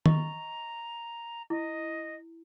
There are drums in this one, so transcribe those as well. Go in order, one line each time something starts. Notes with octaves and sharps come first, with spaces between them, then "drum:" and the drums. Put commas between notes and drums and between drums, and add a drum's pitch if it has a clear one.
D#5 A#5 C#6, drum: tom D#3
E4 D#5